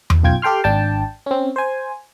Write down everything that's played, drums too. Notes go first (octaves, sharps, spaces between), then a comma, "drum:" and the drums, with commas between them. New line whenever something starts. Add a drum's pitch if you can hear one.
drum: tom E2
B1 F#2 F4 G5 G#6
G4 A4 G5 C6 F6
G#1 D4 G5 A5
C4 C#4
C5 G#5